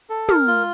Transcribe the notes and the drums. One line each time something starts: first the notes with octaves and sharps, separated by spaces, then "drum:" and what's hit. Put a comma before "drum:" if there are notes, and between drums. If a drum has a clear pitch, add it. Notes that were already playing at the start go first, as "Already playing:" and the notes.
A4
A#4, drum: tom
F4